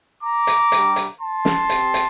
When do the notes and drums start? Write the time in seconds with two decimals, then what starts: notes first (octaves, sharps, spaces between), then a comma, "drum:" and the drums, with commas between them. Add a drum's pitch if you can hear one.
0.23 A#5 D6
0.47 drum: hi-hat
0.72 G3 D4 G4, drum: hi-hat
0.96 drum: hi-hat
1.20 A5 C6
1.45 drum: snare
1.69 C4 G4, drum: hi-hat
1.94 drum: hi-hat